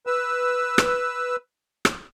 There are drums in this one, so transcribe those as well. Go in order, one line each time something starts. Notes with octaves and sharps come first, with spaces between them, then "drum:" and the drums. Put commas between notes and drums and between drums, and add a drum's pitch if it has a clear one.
B4 E6
drum: rim click
drum: rim click